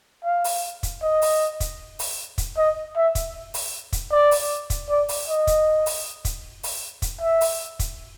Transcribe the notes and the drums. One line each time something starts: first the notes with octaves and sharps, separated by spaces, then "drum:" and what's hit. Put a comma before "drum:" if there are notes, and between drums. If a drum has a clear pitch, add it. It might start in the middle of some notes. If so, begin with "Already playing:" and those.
F5
drum: open hi-hat
drum: kick, hi-hat
D#5
drum: open hi-hat
drum: kick, hi-hat
drum: open hi-hat
drum: kick, hi-hat
D#5
E5
drum: kick, hi-hat
drum: open hi-hat
drum: kick, hi-hat
D5
drum: open hi-hat
drum: kick, hi-hat
D5
drum: open hi-hat
D#5
drum: kick, hi-hat
drum: open hi-hat
drum: kick, hi-hat
drum: open hi-hat
drum: kick, hi-hat
E5
drum: open hi-hat
drum: kick, hi-hat